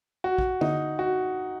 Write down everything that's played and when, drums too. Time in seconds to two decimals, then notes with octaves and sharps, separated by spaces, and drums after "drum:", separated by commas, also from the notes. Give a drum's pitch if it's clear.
0.24 F#4
0.38 drum: kick A#1
0.61 D#4, drum: tom D3
0.99 F#4